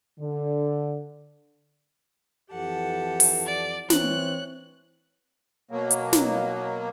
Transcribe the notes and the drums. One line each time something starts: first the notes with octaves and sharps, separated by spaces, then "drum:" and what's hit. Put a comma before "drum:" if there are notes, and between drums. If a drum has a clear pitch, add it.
D3
F2 E3 G4 A4 F#5 A5
drum: open hi-hat
D5
E3 C4 C#5 F#6, drum: snare
B2 F#3 A#3
drum: hi-hat
drum: snare